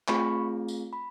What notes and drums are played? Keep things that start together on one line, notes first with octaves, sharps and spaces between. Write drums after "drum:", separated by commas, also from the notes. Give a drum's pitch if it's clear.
A3 C4 F4 G#4 B5 C#6, drum: clap
drum: tambourine
B5